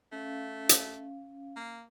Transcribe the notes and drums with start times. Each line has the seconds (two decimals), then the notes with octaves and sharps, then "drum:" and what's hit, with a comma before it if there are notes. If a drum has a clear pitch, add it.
0.12 A3 C#4 F5
0.69 drum: hi-hat
1.56 A#3